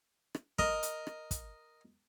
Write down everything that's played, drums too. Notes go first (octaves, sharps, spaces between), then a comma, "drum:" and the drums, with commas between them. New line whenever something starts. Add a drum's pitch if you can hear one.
drum: rim click
A#4 D#5, drum: kick
drum: hi-hat
drum: rim click
drum: kick, hi-hat